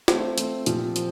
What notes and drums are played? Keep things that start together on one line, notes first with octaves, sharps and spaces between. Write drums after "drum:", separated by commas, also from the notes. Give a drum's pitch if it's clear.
A3 C4 F4 C5, drum: snare
A3 C4 F4 C5, drum: hi-hat
A#2 F3 C4 G4, drum: hi-hat
F3, drum: hi-hat